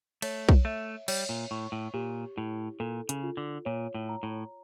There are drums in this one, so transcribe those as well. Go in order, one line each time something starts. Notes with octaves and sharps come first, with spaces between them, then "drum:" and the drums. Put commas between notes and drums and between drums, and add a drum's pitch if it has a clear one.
A3 C#5, drum: cymbal
drum: kick B1
A3 E5
G3 C#5, drum: cymbal
A#2
A2 C#6
A2
A#2 G4
A2 E4
A#2 A4
C#3, drum: hi-hat
F4
D3
A#2 C#5
A2
A#5
A2